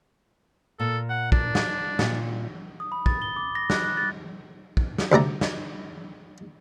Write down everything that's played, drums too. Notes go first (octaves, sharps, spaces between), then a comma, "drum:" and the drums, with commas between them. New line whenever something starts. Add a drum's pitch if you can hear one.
A#2 A4
F#5
D4, drum: kick
drum: snare
A#2, drum: snare
D#6
B5
A6, drum: kick
G7
D6
A#6
F#6, drum: snare
F#6
A6
drum: kick
drum: snare
D2 C3 D5 A#5
drum: snare